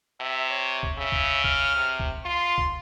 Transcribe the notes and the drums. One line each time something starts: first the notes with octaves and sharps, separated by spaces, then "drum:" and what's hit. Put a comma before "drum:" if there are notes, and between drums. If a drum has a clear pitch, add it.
C3 E5
C#5
drum: kick
C#3 E5
drum: kick
F6, drum: kick
C3
drum: kick
F4 C6
drum: kick